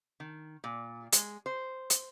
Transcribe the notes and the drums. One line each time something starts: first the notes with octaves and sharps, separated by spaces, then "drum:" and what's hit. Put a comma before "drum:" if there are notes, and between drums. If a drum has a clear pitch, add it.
D#3
A#2
G#3, drum: hi-hat
C5
drum: hi-hat